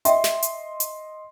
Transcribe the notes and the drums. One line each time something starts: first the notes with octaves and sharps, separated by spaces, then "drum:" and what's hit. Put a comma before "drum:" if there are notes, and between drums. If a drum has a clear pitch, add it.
D#5 E5 G5 C6, drum: hi-hat
drum: snare
drum: hi-hat
drum: hi-hat